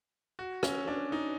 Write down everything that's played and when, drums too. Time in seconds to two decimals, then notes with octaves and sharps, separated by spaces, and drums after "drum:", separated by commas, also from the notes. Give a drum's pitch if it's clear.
0.39 F#4
0.63 C#4, drum: rim click
0.88 D4
1.12 D#4